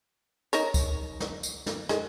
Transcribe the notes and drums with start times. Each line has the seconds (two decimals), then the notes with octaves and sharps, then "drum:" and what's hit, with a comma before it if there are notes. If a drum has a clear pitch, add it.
0.53 D#4 A#4 C#5, drum: tambourine
0.74 drum: kick C#2, tambourine
1.20 drum: snare
1.43 drum: tambourine
1.66 drum: snare
1.89 G#3, drum: snare